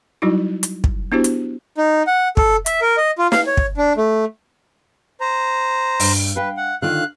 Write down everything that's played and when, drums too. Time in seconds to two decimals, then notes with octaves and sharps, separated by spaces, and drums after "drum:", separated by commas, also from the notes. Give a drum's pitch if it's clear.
0.22 F#3 G3 D#4 E4 F#4
0.63 drum: hi-hat
0.84 drum: kick
1.12 B3 D4 E4 F#4 G4 C5
1.24 drum: hi-hat
1.78 D#4
2.07 F#5
2.37 A4, drum: kick
2.66 E5, drum: hi-hat
2.81 A#4
2.97 D#5
3.19 F4
3.32 F5, drum: snare
3.47 C#5
3.57 drum: kick
3.77 D4
3.97 A3
5.21 C5 A#5
6.00 G2, drum: open hi-hat
6.36 B4 F5 G5
6.57 F#5
6.82 D3 D#3 F4 F5 F#6